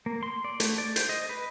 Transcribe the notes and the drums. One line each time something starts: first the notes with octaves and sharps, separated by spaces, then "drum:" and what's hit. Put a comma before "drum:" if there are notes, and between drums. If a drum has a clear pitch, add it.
A#3
C6
D5
A3, drum: hi-hat
D5
C5, drum: hi-hat
D#5
B4